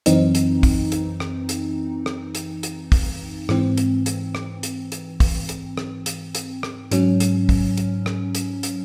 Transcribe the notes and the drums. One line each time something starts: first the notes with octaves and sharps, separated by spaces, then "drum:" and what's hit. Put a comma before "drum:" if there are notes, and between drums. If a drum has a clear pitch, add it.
F#2 E3 C4 D#4, drum: hi-hat
drum: hi-hat
drum: kick, open hi-hat
drum: hi-hat
drum: rim click
drum: hi-hat
drum: rim click
drum: hi-hat
drum: hi-hat
drum: kick, open hi-hat
G#2 E3 C4, drum: rim click
drum: hi-hat
drum: hi-hat
drum: rim click
drum: hi-hat
drum: hi-hat
drum: kick, open hi-hat
drum: hi-hat
drum: rim click
drum: hi-hat
drum: hi-hat
drum: rim click
G#2 F#3 C#4, drum: hi-hat
drum: hi-hat
drum: kick, open hi-hat
drum: hi-hat
drum: rim click
drum: hi-hat
drum: hi-hat